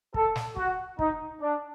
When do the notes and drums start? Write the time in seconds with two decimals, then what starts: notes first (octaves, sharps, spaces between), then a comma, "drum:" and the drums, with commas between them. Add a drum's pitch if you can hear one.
0.14 A4, drum: kick
0.36 drum: snare
0.56 F#4, drum: kick
0.99 D#4, drum: kick
1.41 D4